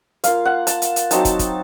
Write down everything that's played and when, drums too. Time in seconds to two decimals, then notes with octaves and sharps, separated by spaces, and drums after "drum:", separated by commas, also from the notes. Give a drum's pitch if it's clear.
0.24 A#3 F4 F5, drum: hi-hat
0.45 F#5
0.67 A5, drum: hi-hat
0.82 drum: hi-hat
0.96 drum: hi-hat
1.11 F#3 C4 D#4 A5, drum: hi-hat
1.25 drum: kick, hi-hat
1.39 drum: kick, hi-hat